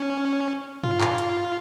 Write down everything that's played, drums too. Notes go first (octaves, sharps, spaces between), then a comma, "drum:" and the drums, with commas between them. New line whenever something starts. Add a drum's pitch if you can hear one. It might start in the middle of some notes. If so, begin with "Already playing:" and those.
Already playing: C#4
F4, drum: tom
drum: clap
drum: hi-hat